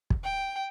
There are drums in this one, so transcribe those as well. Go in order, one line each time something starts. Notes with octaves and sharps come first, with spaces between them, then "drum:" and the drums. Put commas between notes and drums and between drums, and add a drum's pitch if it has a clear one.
drum: kick
G5